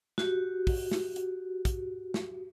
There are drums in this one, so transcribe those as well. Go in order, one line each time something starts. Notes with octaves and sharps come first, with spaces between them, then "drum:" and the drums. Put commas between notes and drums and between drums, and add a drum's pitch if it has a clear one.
F#4 G4, drum: snare
drum: kick, open hi-hat
drum: snare
drum: hi-hat
drum: kick, hi-hat
drum: snare